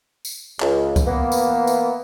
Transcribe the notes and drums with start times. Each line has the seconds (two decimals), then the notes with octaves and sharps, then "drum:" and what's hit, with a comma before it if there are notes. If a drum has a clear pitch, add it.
0.25 drum: tambourine
0.60 C#2, drum: clap
0.96 drum: kick C2, tambourine
1.06 E3 A#3 B3
1.32 drum: tambourine
1.67 drum: tambourine